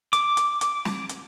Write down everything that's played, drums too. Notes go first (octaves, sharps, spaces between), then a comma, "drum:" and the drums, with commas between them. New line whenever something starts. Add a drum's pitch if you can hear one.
D6, drum: hi-hat
drum: hi-hat
drum: hi-hat
drum: snare
drum: hi-hat